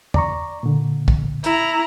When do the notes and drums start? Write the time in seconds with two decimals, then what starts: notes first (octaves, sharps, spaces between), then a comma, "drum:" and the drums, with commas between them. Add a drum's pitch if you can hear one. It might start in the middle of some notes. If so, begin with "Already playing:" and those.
0.14 D5 A#5 C#6, drum: tom
0.63 A#2 D3
1.08 drum: kick
1.44 E4 A#5, drum: hi-hat